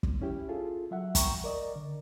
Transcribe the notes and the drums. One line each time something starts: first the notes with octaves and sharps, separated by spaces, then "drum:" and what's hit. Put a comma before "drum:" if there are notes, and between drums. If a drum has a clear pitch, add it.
drum: kick
C#4 E4 G4
F4 G#4 A4
F#3 E5 F#5
G5 A#5 C#6, drum: kick, hi-hat
A#4 D5 D#5
D3